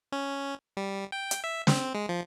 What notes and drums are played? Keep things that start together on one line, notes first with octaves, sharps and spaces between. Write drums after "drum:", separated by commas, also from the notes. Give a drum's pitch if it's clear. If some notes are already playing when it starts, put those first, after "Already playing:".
C#4
G3
G5
drum: hi-hat
E5
C4, drum: snare
G#3
F3